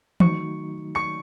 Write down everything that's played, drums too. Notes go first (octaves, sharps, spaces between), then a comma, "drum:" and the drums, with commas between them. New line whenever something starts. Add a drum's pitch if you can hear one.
D#3 F#3 A3 D#4 F#4 C#6 C#7, drum: tom E3
C#6 C#7